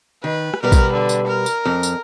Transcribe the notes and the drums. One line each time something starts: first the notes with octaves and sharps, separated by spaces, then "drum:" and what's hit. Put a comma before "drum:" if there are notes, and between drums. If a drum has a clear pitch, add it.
D#3 B4
drum: rim click
B2 G3 A#4 B4
drum: kick, tambourine
D3
drum: tambourine
A#4
drum: tambourine
F2
drum: tambourine